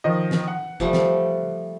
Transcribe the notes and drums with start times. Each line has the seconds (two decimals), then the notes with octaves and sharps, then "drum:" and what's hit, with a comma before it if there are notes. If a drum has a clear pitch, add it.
0.04 D#3 F3 D#5
0.31 drum: snare
0.48 F#5
0.80 F3 G3 A3, drum: kick G#1
0.93 drum: snare